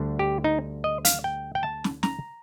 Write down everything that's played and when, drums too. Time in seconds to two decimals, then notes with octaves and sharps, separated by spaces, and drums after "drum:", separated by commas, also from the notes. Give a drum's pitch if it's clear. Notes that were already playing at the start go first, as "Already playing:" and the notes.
Already playing: D2 D3 G3 D4
0.19 G4
0.44 D#4
0.84 D#5
1.05 F5, drum: hi-hat
1.24 G5
1.55 G5
1.63 A5
1.84 drum: snare
2.03 A#5, drum: snare